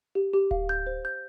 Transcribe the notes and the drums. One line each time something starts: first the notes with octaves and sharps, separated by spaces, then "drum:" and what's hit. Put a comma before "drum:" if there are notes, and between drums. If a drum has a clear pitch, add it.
G4
G4
F5, drum: kick D1
G6
C5
G6